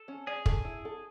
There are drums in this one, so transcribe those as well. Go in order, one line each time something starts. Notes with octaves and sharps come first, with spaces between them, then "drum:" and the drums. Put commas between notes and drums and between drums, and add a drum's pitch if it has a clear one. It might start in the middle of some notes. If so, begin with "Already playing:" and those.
Already playing: A4
C#4
G#4 D5
A4, drum: kick
E4
A4